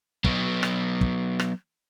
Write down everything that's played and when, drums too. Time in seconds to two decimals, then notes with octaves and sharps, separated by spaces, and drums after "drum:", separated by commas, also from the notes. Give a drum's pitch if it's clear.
0.24 F#3 B3, drum: kick
0.63 drum: rim click
1.01 drum: kick
1.40 drum: rim click